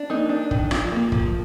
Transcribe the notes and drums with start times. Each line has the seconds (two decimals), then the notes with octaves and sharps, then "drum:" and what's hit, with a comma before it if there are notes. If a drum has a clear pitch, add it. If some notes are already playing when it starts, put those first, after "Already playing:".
Already playing: D4
0.10 A#3 D#4
0.29 D4
0.51 D#3, drum: kick
0.71 F3 F4, drum: rim click
0.92 A#3
1.12 F3, drum: kick